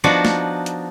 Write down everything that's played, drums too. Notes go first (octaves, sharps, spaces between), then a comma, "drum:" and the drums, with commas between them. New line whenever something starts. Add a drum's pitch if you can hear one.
F3 B3 D4 D#4 F#4
drum: snare
drum: hi-hat